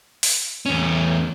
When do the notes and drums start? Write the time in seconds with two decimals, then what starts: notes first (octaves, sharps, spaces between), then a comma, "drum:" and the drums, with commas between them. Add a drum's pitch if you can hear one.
0.23 drum: open hi-hat
0.66 E2 C#4